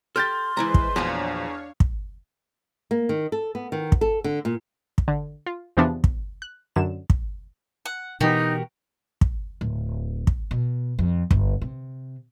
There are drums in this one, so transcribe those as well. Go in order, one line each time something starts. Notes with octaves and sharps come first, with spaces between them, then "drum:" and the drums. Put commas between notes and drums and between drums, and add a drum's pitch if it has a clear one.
G4 A4 C6 F6 G6 A6
E3 G#3 E4 B4 C5 A#5
drum: kick
E2 A#2 F3 F#3 D4 C#5 F5
drum: kick
A#3
D#3
A4
B3
D#3
drum: kick
A4
D3
A#2
drum: kick
D3
F4
E2 C3 E3 F3 B3 D4
drum: kick
F#6
F#2 D3 E7
drum: kick
F#5
B2 E3 D#4 F#4 G4 A#4
drum: kick
D1
drum: kick
B2
F2
G1, drum: kick
C3